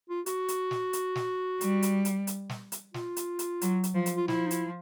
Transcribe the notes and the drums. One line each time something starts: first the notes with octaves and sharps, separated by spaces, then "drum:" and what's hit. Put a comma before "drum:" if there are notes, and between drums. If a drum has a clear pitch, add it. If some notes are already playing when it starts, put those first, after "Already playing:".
F4
F#4, drum: hi-hat
drum: hi-hat
drum: snare
drum: hi-hat
drum: snare
G3, drum: hi-hat
drum: hi-hat
drum: hi-hat
drum: hi-hat
drum: snare
drum: hi-hat
F4, drum: snare
drum: hi-hat
drum: hi-hat
F#3, drum: hi-hat
drum: hi-hat
F3
drum: hi-hat
F4
F3 E4, drum: snare
D#4
E4, drum: hi-hat